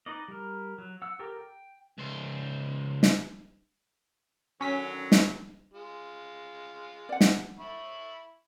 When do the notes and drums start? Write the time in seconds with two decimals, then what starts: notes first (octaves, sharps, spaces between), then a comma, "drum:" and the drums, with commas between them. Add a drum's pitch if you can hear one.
0.06 D#4 B4 D5 D#5
0.28 G3 A#4
0.78 F#3
1.02 F#5 E6
1.19 G4 A4 A#4 G5
1.39 G5
1.98 C#2 C5
3.03 drum: snare
4.61 D3 D#3 F#3 C#4 B6
5.12 drum: snare
5.74 G#3 F4
7.09 D5 F#5
7.21 drum: snare
7.59 E4 B5 C#6